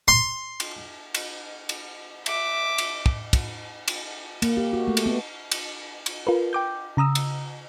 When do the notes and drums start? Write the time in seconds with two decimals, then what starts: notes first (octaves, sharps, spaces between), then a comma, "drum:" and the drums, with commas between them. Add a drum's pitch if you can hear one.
0.08 C6
0.60 drum: cymbal
1.15 drum: cymbal
1.69 drum: cymbal
2.26 E5 D6, drum: cymbal
2.78 drum: cymbal
3.06 drum: kick
3.33 drum: kick, cymbal
3.88 drum: cymbal
4.42 A#3, drum: cymbal
4.57 G4
4.73 F#4
4.88 A3
4.97 drum: cymbal
5.06 B3
5.51 drum: cymbal
6.06 drum: cymbal
6.27 F4 A#4 B4
6.53 G5 D6 G6
6.97 C#3 A#5 D#6 E6
7.15 drum: cymbal